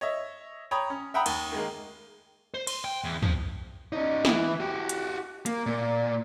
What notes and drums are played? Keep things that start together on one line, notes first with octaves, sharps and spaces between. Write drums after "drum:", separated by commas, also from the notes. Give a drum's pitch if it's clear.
C#5 D#5 E5
C#5 G5 A#5 B5 D#6
C#4
E5 F#5 G5 A#5 B5 D#6
D#2, drum: cymbal
D#3 G#3 A#3
C5
C6, drum: cymbal
G5
E2
F3, drum: tom
C#4 D#4
E3 E4, drum: snare
F#4 G4
drum: hi-hat
A#3, drum: hi-hat
A#2